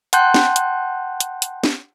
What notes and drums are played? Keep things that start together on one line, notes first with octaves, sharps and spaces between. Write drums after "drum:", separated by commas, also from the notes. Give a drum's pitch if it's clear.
F#5 G5 A5 C6 F#6 G6, drum: hi-hat
drum: snare
drum: hi-hat
drum: hi-hat
drum: hi-hat
drum: snare